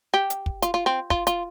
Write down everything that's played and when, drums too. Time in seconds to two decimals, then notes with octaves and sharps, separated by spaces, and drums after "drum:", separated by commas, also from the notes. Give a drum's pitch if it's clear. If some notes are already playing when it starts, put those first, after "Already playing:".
0.14 G4
0.30 drum: hi-hat
0.46 drum: kick
0.62 F4, drum: hi-hat
0.74 F4
0.86 C4
1.10 F4, drum: kick
1.27 F4, drum: hi-hat